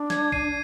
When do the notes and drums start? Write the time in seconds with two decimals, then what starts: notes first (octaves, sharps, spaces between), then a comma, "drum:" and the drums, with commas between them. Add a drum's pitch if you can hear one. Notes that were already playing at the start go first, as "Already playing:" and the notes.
Already playing: D4
0.10 G#6, drum: snare
0.32 C7 D#7, drum: kick B1